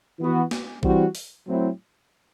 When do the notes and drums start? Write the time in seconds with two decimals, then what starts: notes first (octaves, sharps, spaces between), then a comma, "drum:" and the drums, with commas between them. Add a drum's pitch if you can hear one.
0.19 E3 B3 F#4
0.51 drum: snare
0.83 E3 G3 C4 F#4, drum: kick A#1
1.15 drum: open hi-hat
1.47 A2 F#3 C4 E4